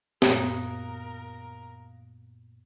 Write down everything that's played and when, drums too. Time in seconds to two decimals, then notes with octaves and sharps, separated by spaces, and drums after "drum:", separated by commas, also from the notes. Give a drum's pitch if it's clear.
0.22 F#2 A#2 B3 A#4 F5 A#5 D#6 F#6, drum: snare